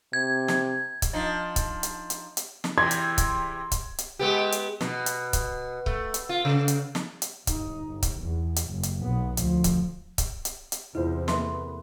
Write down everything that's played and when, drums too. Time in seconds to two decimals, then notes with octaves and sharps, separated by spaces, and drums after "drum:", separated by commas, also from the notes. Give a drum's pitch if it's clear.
0.13 C3 G#6
0.48 drum: snare
1.02 drum: kick C#1, hi-hat
1.13 F3 D4 D#4
1.56 drum: kick C#1, hi-hat
1.83 drum: hi-hat
2.10 drum: hi-hat
2.37 drum: hi-hat
2.64 drum: snare
2.78 E2 C3 E3 C6 G#6
2.91 drum: hi-hat
3.18 drum: kick C#1, hi-hat
3.72 drum: kick C#1, hi-hat
3.98 drum: hi-hat
4.19 G#3 B3 G4
4.52 drum: hi-hat
4.81 B2, drum: snare
5.06 drum: hi-hat
5.33 drum: kick C#1, hi-hat
5.86 A3, drum: kick C#1
6.14 drum: hi-hat
6.29 F4
6.45 C#3
6.68 drum: hi-hat
6.95 drum: snare
7.22 drum: hi-hat
7.47 G1 D#4, drum: kick C#1, hi-hat
7.87 G1
8.03 drum: kick C#1, hi-hat
8.21 E2
8.56 drum: hi-hat
8.70 F#1
8.83 drum: hi-hat
9.02 B1 B3
9.37 D2 F3, drum: hi-hat
9.64 drum: kick C#1, hi-hat
10.18 drum: kick C#1, hi-hat
10.45 drum: hi-hat
10.72 drum: hi-hat
10.95 E2 C3 E4 F4 B4 C5
11.28 A#3 A4 B4 E5 C6, drum: snare